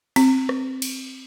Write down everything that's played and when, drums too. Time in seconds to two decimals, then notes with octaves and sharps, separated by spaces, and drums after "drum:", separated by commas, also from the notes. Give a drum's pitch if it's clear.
0.16 C4, drum: cymbal
0.49 drum: rim click
0.82 drum: cymbal